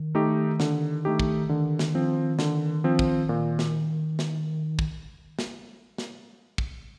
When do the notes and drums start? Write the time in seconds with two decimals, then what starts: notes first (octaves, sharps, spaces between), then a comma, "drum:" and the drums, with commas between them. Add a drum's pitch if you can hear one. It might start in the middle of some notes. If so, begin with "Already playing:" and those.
Already playing: D#3
0.15 A3 D#4 G4
0.60 D3, drum: snare
1.05 A3 D#4 G4
1.20 drum: kick
1.49 D3 D#3
1.79 drum: snare
1.95 F3 C4
2.39 D3, drum: snare
2.84 F3 C4
2.99 drum: kick
3.29 A#2
3.59 drum: snare
4.19 drum: snare
4.79 drum: kick
5.39 drum: snare
5.98 drum: snare
6.58 drum: kick